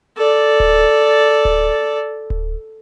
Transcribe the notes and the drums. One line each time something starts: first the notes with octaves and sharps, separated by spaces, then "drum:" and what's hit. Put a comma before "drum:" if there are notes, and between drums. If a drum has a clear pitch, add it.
A4 D5
drum: kick D1
drum: kick D1
drum: kick D1